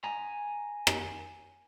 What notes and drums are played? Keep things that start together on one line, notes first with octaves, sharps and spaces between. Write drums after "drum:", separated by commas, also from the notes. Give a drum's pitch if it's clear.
G#5 A#5
drum: rim click